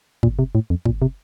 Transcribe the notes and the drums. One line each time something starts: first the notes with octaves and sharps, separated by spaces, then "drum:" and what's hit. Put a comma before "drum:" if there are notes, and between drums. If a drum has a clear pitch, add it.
A#2, drum: kick
C3
A2
F2
A#2, drum: kick
C3